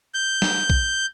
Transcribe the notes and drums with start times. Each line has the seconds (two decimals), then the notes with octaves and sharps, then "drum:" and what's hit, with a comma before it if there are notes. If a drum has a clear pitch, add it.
0.14 G6
0.42 drum: snare
0.70 drum: kick B1